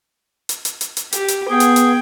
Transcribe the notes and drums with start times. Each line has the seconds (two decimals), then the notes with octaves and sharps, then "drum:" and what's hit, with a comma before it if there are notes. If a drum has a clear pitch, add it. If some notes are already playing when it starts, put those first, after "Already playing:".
0.49 drum: hi-hat
0.65 drum: hi-hat
0.81 drum: hi-hat
0.97 drum: hi-hat
1.12 G4, drum: hi-hat
1.28 drum: hi-hat
1.50 B3 G#4 G5
1.60 drum: hi-hat
1.76 drum: hi-hat